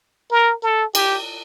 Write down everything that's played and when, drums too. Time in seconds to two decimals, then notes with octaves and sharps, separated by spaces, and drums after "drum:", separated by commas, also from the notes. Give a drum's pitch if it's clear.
0.32 A#4
0.63 A4
0.95 G4, drum: cymbal